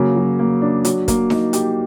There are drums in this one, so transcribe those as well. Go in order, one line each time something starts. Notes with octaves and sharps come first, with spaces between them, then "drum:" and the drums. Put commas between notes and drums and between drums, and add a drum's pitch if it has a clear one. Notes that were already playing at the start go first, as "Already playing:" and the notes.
Already playing: C#3 F#3 A#3
F#3
A#3
D4
F#3, drum: hi-hat
A#3, drum: kick, hi-hat
D#4, drum: snare D#4
G4, drum: hi-hat